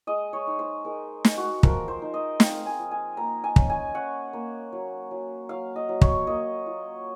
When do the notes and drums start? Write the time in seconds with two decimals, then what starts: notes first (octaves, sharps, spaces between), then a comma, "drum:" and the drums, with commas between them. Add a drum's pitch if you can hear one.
0.07 G#3 D#5
0.33 C#5
0.47 D#4
0.59 C5
0.85 G#3 A#4
1.25 G#3, drum: snare
1.37 F#4
1.63 F3 A#4, drum: kick
1.88 C5
2.02 D#4
2.14 D#5
2.40 C4 F5, drum: snare
2.66 G#5
2.79 F3
2.91 G#5
3.17 A#3 A#5
3.44 G#5
3.56 C#4, drum: kick
3.70 G#5
3.95 C#4 F#5
4.33 A#3
4.72 F#3
5.11 F#3
5.49 F#3 F5
5.76 D#5
5.89 F#3
6.01 C#5, drum: kick
6.27 A#3 D#5
6.66 F4